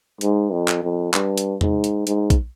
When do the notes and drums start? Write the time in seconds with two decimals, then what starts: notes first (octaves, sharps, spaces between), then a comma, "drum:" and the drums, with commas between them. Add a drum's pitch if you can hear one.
0.21 G#2, drum: hi-hat
0.52 F2
0.68 drum: clap
0.83 F2
1.14 G2, drum: clap
1.38 drum: hi-hat
1.61 G#2, drum: tom E2
1.84 drum: hi-hat
2.07 G#2, drum: hi-hat
2.30 drum: kick, hi-hat